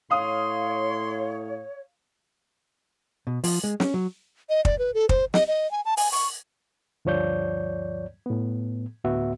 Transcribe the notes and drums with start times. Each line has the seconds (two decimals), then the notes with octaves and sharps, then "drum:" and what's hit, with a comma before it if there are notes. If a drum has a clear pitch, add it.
0.11 A2 C#5 F5 C6 D#6
3.27 B2
3.44 F3, drum: open hi-hat
3.64 G#3
3.80 C#4, drum: snare
3.94 F#3
4.49 D#5
4.65 D5, drum: kick
4.79 B4
4.94 A4
5.09 C5, drum: kick
5.34 D#5, drum: snare
5.48 D#5
5.71 G#5
5.85 A5
5.97 G#5, drum: open hi-hat
6.12 C#6, drum: open hi-hat
7.05 D2 G2 F3 C#5 D5 G6
8.26 A2 B3
9.04 D2 A2 B3 F#4 E5